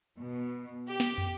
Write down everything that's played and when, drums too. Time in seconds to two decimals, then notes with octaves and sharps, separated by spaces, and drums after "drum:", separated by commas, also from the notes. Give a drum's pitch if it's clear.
0.18 B2
0.89 G4
1.00 drum: snare
1.18 drum: tom